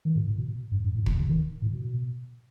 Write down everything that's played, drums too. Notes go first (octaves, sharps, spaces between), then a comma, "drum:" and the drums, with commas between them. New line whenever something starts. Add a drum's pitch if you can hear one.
D#3
A2
A2
B2
G2
G2
A2
B2, drum: kick
C3
D#3
A2
B2